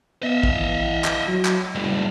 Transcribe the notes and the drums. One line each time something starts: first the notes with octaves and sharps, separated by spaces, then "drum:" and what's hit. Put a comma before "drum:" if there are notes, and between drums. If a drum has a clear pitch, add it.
B3 D#5 E5
drum: kick A1
E3
drum: clap
F#3
drum: clap
F#1 A2 G3